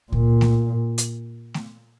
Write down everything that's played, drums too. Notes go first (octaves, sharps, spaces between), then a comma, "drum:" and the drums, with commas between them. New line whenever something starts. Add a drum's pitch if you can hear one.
A#2, drum: kick C#2
drum: snare A3
drum: hi-hat
drum: snare A3